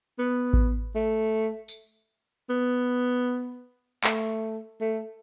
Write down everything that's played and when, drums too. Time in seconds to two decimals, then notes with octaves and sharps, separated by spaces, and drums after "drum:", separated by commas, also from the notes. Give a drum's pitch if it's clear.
0.19 B3
0.53 drum: kick A1
0.95 A3
1.68 drum: tambourine
2.50 B3
4.04 A3, drum: clap
4.81 A3